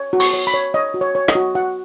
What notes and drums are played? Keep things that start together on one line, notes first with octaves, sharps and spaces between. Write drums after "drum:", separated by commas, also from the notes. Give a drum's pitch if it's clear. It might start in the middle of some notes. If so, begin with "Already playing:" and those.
Already playing: C#5
F#4
C#6, drum: open hi-hat
C#5
B5
C#5
C#5 D#5
F#4
C#5
C#5
D#5, drum: rim click
F#4
F#4 F#5